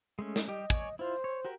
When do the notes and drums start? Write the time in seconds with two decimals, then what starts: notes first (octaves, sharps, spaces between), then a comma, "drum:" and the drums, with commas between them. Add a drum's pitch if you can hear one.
0.19 G#3 A3 C#4
0.36 drum: snare
0.48 G3 G4 D#5
0.70 C#5 D5 G#5, drum: kick, tambourine
0.99 E4 F4 C5
1.24 C#5
1.45 F#4 G4 A#4